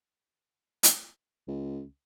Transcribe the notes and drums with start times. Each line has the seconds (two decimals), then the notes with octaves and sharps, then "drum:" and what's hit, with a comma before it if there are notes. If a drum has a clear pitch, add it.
0.83 drum: hi-hat
1.48 C#2